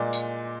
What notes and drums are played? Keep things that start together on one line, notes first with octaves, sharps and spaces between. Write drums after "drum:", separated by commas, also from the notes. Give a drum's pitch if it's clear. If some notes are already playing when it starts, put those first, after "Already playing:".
Already playing: A#2 G#3 D5
drum: tambourine